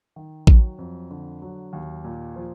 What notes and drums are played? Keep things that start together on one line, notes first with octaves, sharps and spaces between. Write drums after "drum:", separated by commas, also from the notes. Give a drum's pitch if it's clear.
D#3
F#3, drum: kick A1
F2
D3
F#3
D#2
A#2
F3